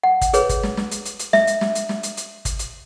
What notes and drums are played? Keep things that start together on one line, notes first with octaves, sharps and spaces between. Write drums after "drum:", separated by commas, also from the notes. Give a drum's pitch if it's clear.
F#5
drum: kick, hi-hat
G#4 B4 C#5, drum: hi-hat
drum: kick, hi-hat
drum: snare
drum: snare
drum: hi-hat
drum: hi-hat
drum: hi-hat
E5, drum: snare
drum: hi-hat
drum: snare
drum: hi-hat
drum: snare
drum: hi-hat
drum: hi-hat
drum: kick, hi-hat
drum: hi-hat